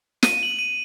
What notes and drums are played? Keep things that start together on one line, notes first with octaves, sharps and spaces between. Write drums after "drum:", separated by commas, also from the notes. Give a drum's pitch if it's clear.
D#7, drum: snare
F#7
D#7